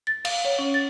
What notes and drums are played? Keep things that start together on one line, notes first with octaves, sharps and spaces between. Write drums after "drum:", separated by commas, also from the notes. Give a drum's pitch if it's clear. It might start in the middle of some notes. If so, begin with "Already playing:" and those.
A6
F5, drum: cymbal
C#5
C#4
A6